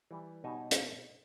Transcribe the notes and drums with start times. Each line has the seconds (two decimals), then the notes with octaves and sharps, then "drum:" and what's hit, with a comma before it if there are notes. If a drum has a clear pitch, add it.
0.11 E3 G3
0.44 B2 G3 D#4 C#5 G#5 A5
0.71 drum: hi-hat